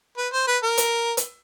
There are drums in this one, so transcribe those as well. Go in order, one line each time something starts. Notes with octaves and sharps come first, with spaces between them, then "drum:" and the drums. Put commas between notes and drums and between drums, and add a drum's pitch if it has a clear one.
B4
C5
B4
A#4
drum: hi-hat
drum: hi-hat